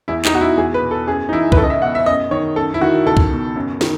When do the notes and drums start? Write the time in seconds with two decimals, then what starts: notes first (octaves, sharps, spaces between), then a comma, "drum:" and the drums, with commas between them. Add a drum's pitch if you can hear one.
0.08 E2 E4
0.25 D#4, drum: clap
0.33 B2 F#4
0.41 E4
0.57 E2 G#4
0.74 B4
0.82 B2
0.91 A4
1.07 F#2 G#4
1.29 D#4
1.32 E3 E4
1.52 B4, drum: kick C2
1.57 C#2 A4
1.64 D#5
1.70 E5
1.82 B2 F#5
1.95 E5
2.06 F#2 D#5
2.31 D#3 C#5
2.56 F#2 A4
2.74 E4
2.81 D#3 F#4
3.06 C#2 A4
3.17 drum: kick C2
3.30 B2
3.56 F#2
3.81 D#3, drum: snare